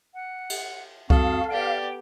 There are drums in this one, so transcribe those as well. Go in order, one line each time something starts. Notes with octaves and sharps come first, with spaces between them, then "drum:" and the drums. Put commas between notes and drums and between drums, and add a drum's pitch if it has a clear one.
F#5
drum: cymbal
F2 C4 F#4 A4 F5 D#6, drum: kick C2
B3 G4 D5 G5